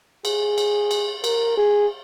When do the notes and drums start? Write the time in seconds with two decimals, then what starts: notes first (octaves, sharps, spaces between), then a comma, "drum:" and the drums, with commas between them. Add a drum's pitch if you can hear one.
0.25 G#4, drum: cymbal
0.58 drum: cymbal
0.91 drum: cymbal
1.24 A#4, drum: cymbal
1.57 G#4